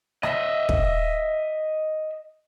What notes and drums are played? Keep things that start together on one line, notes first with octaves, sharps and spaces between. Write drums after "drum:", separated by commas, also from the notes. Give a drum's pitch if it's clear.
D#5 E5, drum: rim click
drum: kick